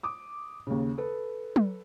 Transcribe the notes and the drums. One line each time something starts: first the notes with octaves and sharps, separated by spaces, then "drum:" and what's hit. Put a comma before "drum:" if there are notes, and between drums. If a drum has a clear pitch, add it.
D6 D#6
D#2 C#3
A4 B4
drum: tom F#3